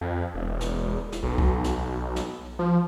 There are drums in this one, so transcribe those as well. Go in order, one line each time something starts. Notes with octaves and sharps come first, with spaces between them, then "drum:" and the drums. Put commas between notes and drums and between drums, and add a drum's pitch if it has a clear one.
F2
E1
drum: snare
drum: snare
B1
drum: kick C2
drum: snare
drum: snare
F3